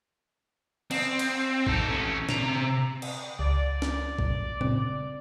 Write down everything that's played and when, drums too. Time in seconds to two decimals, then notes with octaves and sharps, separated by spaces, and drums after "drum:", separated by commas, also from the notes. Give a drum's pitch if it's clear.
0.91 C4, drum: cymbal
1.19 drum: cymbal
1.67 D#4 A4, drum: kick A1
1.88 A3 C#4
2.29 C3 A#5, drum: snare
3.02 drum: cymbal
3.39 C#2 D5
3.82 drum: snare
4.19 drum: kick A1
4.61 C#3 C4, drum: tom A#2